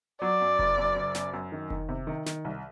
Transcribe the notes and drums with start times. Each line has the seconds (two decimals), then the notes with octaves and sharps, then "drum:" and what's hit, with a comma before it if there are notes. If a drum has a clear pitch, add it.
0.22 F#3 D5
0.41 F#2
0.59 F#1, drum: kick F1
0.78 F#2
0.96 F#1
1.15 F#2, drum: snare
1.33 F#2
1.52 D#3
1.70 D#3, drum: kick F1
1.89 C3
2.07 D#3
2.26 D#3, drum: snare
2.45 C2